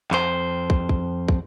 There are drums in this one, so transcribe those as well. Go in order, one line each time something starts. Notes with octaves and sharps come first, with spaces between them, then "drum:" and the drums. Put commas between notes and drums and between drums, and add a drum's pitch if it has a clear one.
F2 C5, drum: clap
drum: kick
drum: kick
drum: kick